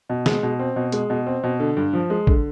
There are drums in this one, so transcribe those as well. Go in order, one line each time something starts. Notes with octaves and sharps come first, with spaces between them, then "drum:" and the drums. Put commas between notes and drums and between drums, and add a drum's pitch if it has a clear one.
B2
G#3, drum: snare
B2
C4
B2
G#3, drum: hi-hat
B2
C4
B2
D3
G2
F3
G#3
D3, drum: kick A#1